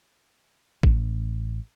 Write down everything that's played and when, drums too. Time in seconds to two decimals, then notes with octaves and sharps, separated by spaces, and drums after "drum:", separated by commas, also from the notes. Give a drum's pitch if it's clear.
0.83 A1, drum: kick